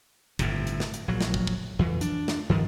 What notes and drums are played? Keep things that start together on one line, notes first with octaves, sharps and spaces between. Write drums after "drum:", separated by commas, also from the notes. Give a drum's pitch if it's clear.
G1 A2 C3, drum: kick, hi-hat
drum: hi-hat
drum: snare
drum: hi-hat
A#1 F#3
drum: snare
drum: kick
drum: kick
F2 E3
D4, drum: hi-hat
drum: snare
G2 D#3 F3